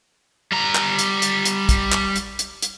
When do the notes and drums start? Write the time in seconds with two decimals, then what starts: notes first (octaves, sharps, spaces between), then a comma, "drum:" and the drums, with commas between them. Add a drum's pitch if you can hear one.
0.52 G3 A#5
0.75 drum: clap
0.99 drum: hi-hat
1.22 drum: hi-hat
1.45 drum: hi-hat
1.69 drum: kick, hi-hat
1.92 drum: clap
2.16 drum: hi-hat
2.39 drum: hi-hat
2.62 drum: hi-hat